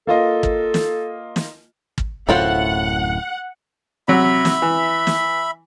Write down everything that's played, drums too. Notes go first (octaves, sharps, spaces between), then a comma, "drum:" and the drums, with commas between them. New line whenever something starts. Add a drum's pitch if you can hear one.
A#3 F4 A4 D#5
drum: kick
drum: snare
drum: snare
drum: kick
D1 F#2 A2 E4 F4 C5 F#5
C3 F#3 E5 F#5 B5
drum: snare
E3
drum: snare